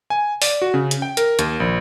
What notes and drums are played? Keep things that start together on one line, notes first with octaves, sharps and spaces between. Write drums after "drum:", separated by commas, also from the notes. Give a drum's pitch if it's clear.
G#5
D5, drum: open hi-hat
F#4
C#3
drum: hi-hat
G5
A#4, drum: hi-hat
D#2, drum: hi-hat
A#1